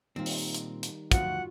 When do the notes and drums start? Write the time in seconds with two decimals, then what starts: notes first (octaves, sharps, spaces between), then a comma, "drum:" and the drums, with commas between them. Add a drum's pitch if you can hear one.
0.16 A#2 D#3 G3 C4 D#4
0.26 drum: open hi-hat
0.55 drum: hi-hat
0.83 drum: hi-hat
1.11 D2 F3 F4 F#4 F#5, drum: kick, hi-hat